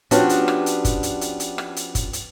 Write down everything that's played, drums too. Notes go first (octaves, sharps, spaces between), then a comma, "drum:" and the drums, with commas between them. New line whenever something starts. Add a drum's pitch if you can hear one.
F3 B3 C#4 D4 F#4 G4, drum: hi-hat
drum: hi-hat
drum: rim click
drum: hi-hat
drum: kick, hi-hat
drum: hi-hat
drum: hi-hat
drum: hi-hat
drum: rim click
drum: hi-hat
drum: kick, hi-hat
drum: hi-hat